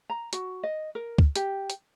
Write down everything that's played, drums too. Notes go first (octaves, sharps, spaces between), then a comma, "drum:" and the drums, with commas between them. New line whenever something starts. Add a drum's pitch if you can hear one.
A#5
F#4, drum: hi-hat
D#5
A#4
drum: kick C#2
G4, drum: hi-hat
drum: hi-hat